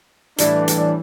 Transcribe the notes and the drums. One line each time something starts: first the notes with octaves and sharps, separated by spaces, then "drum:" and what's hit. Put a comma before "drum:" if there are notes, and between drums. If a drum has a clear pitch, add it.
A2 E3 G3 D4 D5, drum: hi-hat
drum: hi-hat